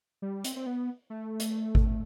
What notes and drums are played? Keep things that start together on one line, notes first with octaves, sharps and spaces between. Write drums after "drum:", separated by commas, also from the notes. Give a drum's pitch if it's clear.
G3
C4, drum: hi-hat
C4
B3
A3
drum: hi-hat
drum: kick G#1